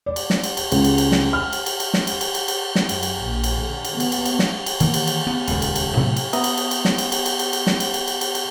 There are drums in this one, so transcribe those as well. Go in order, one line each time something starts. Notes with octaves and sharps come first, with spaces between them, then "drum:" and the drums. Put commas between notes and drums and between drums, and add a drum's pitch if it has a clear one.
D5
drum: cymbal
drum: snare
drum: cymbal
drum: cymbal
C#2, drum: cymbal
drum: cymbal
drum: cymbal
drum: snare
F6
drum: cymbal
drum: cymbal
drum: cymbal
drum: snare
drum: cymbal
drum: cymbal
drum: cymbal
drum: cymbal
drum: snare
F#2, drum: cymbal
drum: cymbal
A#1
drum: cymbal
D3
drum: cymbal
B3, drum: cymbal
drum: cymbal
drum: cymbal
drum: snare
drum: cymbal
D#3 E3 A#3, drum: cymbal
drum: cymbal
drum: cymbal
B3
D#1 C#2, drum: cymbal
drum: cymbal
drum: cymbal
A2 C3 F#3 A3
drum: cymbal
B3 E5 A#5 D#6, drum: cymbal
drum: cymbal
drum: cymbal
drum: cymbal
drum: snare
drum: cymbal
drum: cymbal
drum: cymbal
drum: cymbal
drum: cymbal
drum: snare
drum: cymbal
drum: cymbal
drum: cymbal
drum: cymbal
drum: cymbal